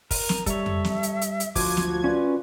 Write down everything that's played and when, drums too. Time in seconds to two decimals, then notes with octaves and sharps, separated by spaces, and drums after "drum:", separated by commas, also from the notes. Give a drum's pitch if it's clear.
0.11 A#4, drum: kick, open hi-hat
0.29 drum: snare
0.46 G3 A4 C#5 E5, drum: kick, hi-hat
0.66 drum: tom F2
0.84 drum: snare
1.03 drum: hi-hat
1.21 drum: hi-hat
1.40 drum: hi-hat
1.55 D2 F3 F#4 D6 G#6, drum: kick, open hi-hat
1.77 drum: snare
2.04 C#4 F4 B4 D5